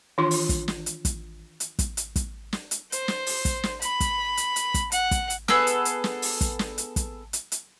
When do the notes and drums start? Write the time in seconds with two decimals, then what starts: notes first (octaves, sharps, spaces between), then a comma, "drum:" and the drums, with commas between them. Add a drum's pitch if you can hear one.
0.18 D#3 E3 D4 F4 C6
0.31 drum: open hi-hat
0.49 drum: kick, hi-hat
0.68 drum: snare
0.86 drum: hi-hat
1.05 drum: kick, hi-hat
1.60 drum: hi-hat
1.79 drum: kick, hi-hat
1.97 drum: hi-hat
2.16 drum: kick, hi-hat
2.53 drum: snare
2.71 drum: hi-hat
2.92 C5, drum: hi-hat
3.08 drum: snare
3.26 drum: open hi-hat
3.45 drum: kick, hi-hat
3.63 drum: snare
3.82 B5, drum: hi-hat
4.00 drum: kick, hi-hat
4.37 drum: hi-hat
4.56 drum: hi-hat
4.74 drum: kick, hi-hat
4.92 F#5, drum: hi-hat
5.11 drum: kick, hi-hat
5.30 drum: hi-hat
5.48 B3 G#4 A4 E6, drum: snare
5.67 drum: hi-hat
5.85 drum: hi-hat
6.04 drum: snare
6.22 drum: open hi-hat
6.41 drum: kick, hi-hat
6.59 drum: snare
6.78 drum: hi-hat
6.96 drum: kick, hi-hat
7.33 drum: hi-hat
7.52 drum: hi-hat